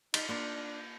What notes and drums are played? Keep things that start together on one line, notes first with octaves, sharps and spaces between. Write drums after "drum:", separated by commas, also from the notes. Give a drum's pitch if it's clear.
D#4 F4 D5, drum: cymbal
A#3 D4 F4 A#4